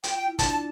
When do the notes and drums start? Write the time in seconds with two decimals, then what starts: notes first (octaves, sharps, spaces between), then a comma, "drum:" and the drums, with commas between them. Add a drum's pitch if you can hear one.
0.03 F4 G5, drum: hi-hat
0.15 F4 G5
0.26 E4
0.39 D4 D5 A5, drum: kick, hi-hat
0.50 A5